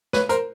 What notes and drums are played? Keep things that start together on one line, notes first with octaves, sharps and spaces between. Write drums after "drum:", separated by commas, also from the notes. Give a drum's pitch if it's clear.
B4 C#5, drum: snare
A#4 C5, drum: hi-hat